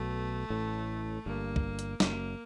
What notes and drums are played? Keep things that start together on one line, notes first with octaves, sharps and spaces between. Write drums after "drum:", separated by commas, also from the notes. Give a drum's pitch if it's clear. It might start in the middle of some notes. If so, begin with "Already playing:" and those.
Already playing: B1 B2 A3
A1 A2
G1 G2 A#3
drum: kick
drum: hi-hat
F#1 F#2 A#3, drum: snare